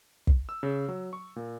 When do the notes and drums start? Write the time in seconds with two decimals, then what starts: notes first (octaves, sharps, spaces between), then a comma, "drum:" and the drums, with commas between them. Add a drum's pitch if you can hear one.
0.27 drum: kick
0.49 E6
0.63 C#3
0.88 F#3
1.13 C#6
1.36 A#2